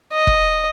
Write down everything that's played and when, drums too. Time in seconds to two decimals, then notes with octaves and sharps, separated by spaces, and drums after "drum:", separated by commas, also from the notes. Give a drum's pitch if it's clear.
0.13 D#5
0.27 drum: kick